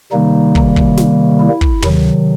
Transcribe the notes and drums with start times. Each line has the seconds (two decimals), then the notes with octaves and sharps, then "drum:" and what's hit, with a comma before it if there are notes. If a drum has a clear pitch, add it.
0.12 C3 D#3 G3 A#3 D#4
0.55 drum: kick
0.76 drum: kick
0.97 drum: snare
1.39 E4
1.61 drum: kick
1.82 C3 D#3 F#3, drum: tom